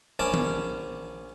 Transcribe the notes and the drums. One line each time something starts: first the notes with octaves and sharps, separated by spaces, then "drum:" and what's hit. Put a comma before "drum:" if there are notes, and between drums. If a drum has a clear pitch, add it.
A#1 C#4 D5 A5
drum: tom D#3